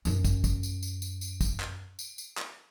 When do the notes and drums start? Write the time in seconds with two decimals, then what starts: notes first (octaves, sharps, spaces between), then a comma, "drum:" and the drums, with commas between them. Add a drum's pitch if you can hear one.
0.05 F#2 C#4, drum: tambourine
0.24 drum: kick, tambourine
0.44 drum: kick, tambourine
0.63 drum: tambourine
0.83 drum: tambourine
1.02 drum: tambourine
1.21 drum: tambourine
1.41 drum: kick, tambourine
1.60 drum: clap
1.99 drum: tambourine
2.18 drum: tambourine
2.37 drum: clap